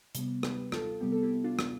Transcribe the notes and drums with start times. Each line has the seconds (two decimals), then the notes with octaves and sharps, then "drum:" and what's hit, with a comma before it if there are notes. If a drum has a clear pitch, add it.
0.15 C3 G3 B3, drum: hi-hat
0.43 G4 B4, drum: rim click
0.72 F4 A4, drum: rim click
1.01 C3 G3 B3 G4
1.12 A4
1.23 E4 G4
1.44 D4 F4
1.59 drum: rim click